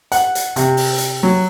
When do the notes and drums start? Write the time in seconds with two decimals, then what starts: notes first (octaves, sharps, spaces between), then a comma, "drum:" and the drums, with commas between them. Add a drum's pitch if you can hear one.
0.12 F#5, drum: hi-hat
0.35 drum: hi-hat
0.56 C3, drum: hi-hat
0.77 drum: open hi-hat
0.98 drum: hi-hat
1.23 F#3